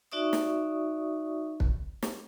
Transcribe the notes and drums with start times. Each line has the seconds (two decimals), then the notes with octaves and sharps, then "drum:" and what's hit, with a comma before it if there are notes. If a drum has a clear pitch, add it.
0.12 D#4 F#4 D5 E5 C#6 D#6
0.33 drum: snare
1.60 drum: kick
2.03 drum: snare